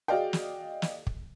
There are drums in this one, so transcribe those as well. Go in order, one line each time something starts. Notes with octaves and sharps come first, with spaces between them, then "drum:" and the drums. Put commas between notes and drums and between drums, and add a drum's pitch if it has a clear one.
F#4 G#4 D5 D#5 F5 G5
drum: snare
drum: snare
drum: kick